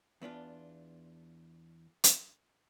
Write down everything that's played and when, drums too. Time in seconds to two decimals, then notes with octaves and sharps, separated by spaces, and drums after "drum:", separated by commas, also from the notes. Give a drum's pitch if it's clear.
0.21 E2 B3 D4 F4
2.04 drum: hi-hat